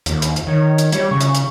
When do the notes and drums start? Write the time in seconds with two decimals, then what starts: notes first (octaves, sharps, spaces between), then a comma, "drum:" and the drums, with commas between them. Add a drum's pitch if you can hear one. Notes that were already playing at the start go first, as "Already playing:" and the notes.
0.06 D#2, drum: hi-hat
0.22 drum: hi-hat
0.36 drum: hi-hat
0.47 D#3 C#5
0.78 drum: hi-hat
0.92 G3 C#5, drum: hi-hat
1.11 C#3 C#6
1.21 drum: hi-hat
1.35 drum: hi-hat